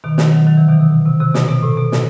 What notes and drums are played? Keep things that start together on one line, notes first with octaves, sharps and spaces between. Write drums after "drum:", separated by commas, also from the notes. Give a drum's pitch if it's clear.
B2 D#3
D#3 F#3, drum: snare
D#3 F#3
D#3 F#3
C3 E3
B2 D#3
C3
B2
C3
C3
B2, drum: snare
B2
A2
B2
drum: snare